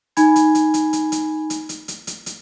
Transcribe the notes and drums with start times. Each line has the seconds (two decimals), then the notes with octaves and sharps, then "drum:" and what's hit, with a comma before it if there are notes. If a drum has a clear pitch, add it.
0.17 D#4 G#5 B5 G#6, drum: hi-hat
0.36 drum: hi-hat
0.55 drum: hi-hat
0.74 drum: hi-hat
0.93 drum: hi-hat
1.12 drum: hi-hat
1.50 drum: hi-hat
1.69 drum: hi-hat
1.88 drum: hi-hat
2.07 drum: hi-hat
2.26 drum: hi-hat